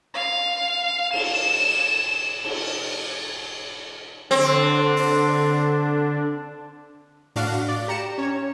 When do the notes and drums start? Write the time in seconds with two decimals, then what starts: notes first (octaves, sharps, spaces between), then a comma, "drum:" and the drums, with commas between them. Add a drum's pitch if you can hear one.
0.14 F5
1.13 E7, drum: cymbal
2.44 drum: cymbal
4.31 D3 C4 D4
4.40 drum: hi-hat
4.97 drum: open hi-hat
7.36 A2 D4 F#4 F5, drum: open hi-hat
7.68 D5
7.88 G4 A#5 C#7 E7
8.18 C#4 C#5